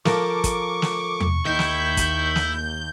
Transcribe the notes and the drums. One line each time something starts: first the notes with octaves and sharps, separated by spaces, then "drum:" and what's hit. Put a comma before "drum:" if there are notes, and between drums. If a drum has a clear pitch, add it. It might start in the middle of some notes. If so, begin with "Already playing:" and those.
F3 A4 A#4 C#6 D6, drum: snare
drum: kick, hi-hat
drum: snare
drum: tom E2
D#2 D#3 E4 G6
drum: snare
drum: kick, hi-hat
drum: snare